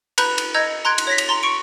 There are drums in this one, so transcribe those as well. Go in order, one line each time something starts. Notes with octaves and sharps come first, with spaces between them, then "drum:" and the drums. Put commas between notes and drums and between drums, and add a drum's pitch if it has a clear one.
B4 A#5 B5 F#6 G6, drum: cymbal
drum: cymbal
D#5 A#5 E6 G6 G#6
A#5 C6 F#6 G#6 D7
drum: cymbal
C#5 A#6 B6
drum: cymbal
A#5 C6 A6
C#6 C#7 D7